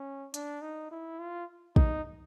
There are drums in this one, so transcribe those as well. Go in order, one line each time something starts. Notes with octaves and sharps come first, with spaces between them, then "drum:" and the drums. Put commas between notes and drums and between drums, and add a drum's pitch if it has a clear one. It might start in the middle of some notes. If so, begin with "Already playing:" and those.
Already playing: C#4
D4, drum: hi-hat
D#4
E4
F4
D#4, drum: kick